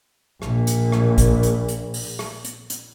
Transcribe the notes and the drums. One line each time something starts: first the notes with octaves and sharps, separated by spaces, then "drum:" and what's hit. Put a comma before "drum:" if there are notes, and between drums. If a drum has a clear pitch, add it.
A#1 A#2, drum: rim click
drum: hi-hat
drum: rim click
drum: kick A1, hi-hat
drum: hi-hat
drum: hi-hat
drum: open hi-hat
drum: rim click
drum: hi-hat
drum: hi-hat